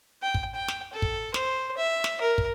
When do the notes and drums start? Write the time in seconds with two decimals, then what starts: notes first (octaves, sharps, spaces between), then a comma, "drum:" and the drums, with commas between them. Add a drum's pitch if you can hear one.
0.23 G5
0.34 drum: kick
0.55 G5
0.68 drum: snare
0.93 A4
1.02 drum: kick
1.34 C5, drum: snare
1.77 E5
2.04 drum: snare
2.21 A#4
2.38 drum: kick